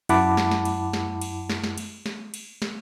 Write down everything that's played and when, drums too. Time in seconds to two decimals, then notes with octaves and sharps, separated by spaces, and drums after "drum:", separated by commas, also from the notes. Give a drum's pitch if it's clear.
0.09 F#2 E4 F#5 A5 B5 D6, drum: cymbal
0.37 drum: snare
0.51 drum: snare
0.65 drum: cymbal
0.93 drum: snare
1.21 drum: cymbal
1.50 drum: snare
1.64 drum: snare
1.78 drum: cymbal
2.06 drum: snare
2.34 drum: cymbal
2.62 drum: snare